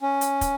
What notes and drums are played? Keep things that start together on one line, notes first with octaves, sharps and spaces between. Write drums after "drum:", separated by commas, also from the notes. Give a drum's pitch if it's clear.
C#4
drum: hi-hat
drum: kick, hi-hat